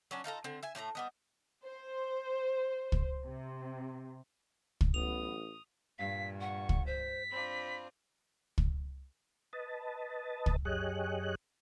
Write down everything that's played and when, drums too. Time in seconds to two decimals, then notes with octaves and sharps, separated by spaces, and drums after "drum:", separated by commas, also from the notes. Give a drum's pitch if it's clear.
0.11 F#3 C#4 D4
0.24 D#4 F4 A4 A#5
0.44 D3 C4
0.63 E5 G#5
0.75 A2 A3 F#4 A#5
0.95 G3 B3 D#5
1.64 C5
2.92 drum: kick
3.24 C3
4.81 drum: kick
4.94 A1 F#3 B3 D#6 F7
5.98 G2 A#2 F5 B6
6.41 F#5 C#6
6.69 drum: kick
6.86 C5 B6
7.31 C4 D4 F4 B5
8.58 drum: kick
9.53 B4 D#5 A5
10.46 drum: kick
10.65 F#2 G4 G#4 C#5 D#5 F#6